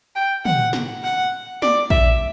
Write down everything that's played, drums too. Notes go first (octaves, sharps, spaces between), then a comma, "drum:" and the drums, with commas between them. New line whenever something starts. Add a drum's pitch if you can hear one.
G5
F#5, drum: tom
drum: snare
F#5
D5, drum: snare
E5, drum: kick A#1